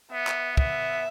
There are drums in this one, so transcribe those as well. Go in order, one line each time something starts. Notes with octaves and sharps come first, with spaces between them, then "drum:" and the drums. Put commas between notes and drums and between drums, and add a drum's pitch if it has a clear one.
B3 E5
drum: clap
B3 E5, drum: kick